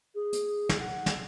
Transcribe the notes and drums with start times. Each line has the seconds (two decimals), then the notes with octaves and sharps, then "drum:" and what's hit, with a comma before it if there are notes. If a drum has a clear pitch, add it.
0.14 G#4
0.33 drum: hi-hat
0.69 drum: snare
0.79 F#5
1.06 drum: snare